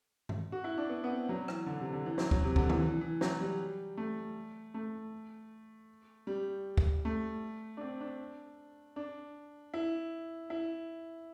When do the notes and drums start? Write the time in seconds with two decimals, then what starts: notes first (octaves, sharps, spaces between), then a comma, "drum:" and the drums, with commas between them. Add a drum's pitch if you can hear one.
0.29 drum: tom G2
0.52 F#4
0.64 E4
0.78 D4
0.90 B3
1.04 B3
1.10 C4
1.29 F#3
1.48 E3, drum: rim click
1.66 D3
1.80 C3
1.93 D3
2.06 E3
2.18 F#3, drum: snare
2.31 F#3, drum: kick
2.44 C3
2.56 D3, drum: kick
2.69 E3, drum: tom D#3
2.82 E3
3.01 E3
3.21 F#3, drum: snare
3.40 G3
3.97 A3
4.74 A3
6.27 G3
6.77 drum: kick
7.05 A3
7.77 D4
7.81 C4
8.01 D4
8.96 D4
9.74 E4
10.50 E4